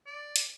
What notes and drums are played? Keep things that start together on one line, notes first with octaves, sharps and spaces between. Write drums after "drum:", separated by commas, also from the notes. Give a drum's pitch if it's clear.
D5
drum: hi-hat